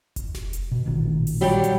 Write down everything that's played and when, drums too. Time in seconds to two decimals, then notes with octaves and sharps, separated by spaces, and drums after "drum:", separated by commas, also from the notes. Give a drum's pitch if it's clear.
0.16 drum: kick F1, hi-hat
0.35 drum: snare F#1
0.53 drum: hi-hat
0.71 B2
0.86 A1 A#2 D#3
1.27 drum: open hi-hat
1.41 F#3 G3 G4
1.64 drum: hi-hat